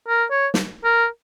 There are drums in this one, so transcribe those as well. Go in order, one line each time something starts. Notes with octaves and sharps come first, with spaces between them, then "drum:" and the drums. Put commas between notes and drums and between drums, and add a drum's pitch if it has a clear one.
A#4
C#5
drum: snare
A#4